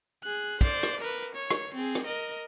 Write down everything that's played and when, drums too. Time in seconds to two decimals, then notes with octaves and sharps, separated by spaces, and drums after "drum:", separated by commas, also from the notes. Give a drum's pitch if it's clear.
0.24 G#4 F#6
0.61 C5 D5, drum: kick, cymbal
0.83 drum: rim click
1.01 A#4 B4
1.35 C#5
1.50 drum: rim click
1.74 C4 G#4
1.95 drum: rim click
2.05 A#4 D#5